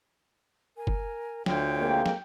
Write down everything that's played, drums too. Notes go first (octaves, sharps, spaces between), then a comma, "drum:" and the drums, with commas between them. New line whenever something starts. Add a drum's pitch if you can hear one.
A#4 G#5
drum: kick F#1
D2 F4 C#5 G5, drum: snare
F2 G#3 A#3
drum: snare